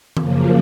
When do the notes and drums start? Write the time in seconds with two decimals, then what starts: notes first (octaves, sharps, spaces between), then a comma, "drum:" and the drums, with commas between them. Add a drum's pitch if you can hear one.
0.17 F#2 C#3 F3 A#3, drum: tom D#3